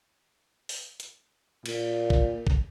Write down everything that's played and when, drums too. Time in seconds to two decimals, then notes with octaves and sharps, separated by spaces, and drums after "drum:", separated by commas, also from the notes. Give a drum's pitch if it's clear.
0.69 drum: open hi-hat
1.00 drum: hi-hat
1.66 A#2, drum: cymbal
2.10 drum: kick A1
2.47 drum: kick A1